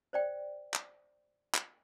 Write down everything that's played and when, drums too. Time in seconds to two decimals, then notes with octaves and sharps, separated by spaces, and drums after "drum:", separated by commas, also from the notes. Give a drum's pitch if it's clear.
0.13 C5 D5 G5
0.74 drum: clap
1.55 drum: clap